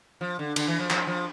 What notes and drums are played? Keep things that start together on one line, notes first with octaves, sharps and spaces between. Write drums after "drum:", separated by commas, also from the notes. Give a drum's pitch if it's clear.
F3
D3
D3, drum: cymbal
E3
F3
F3, drum: clap
F3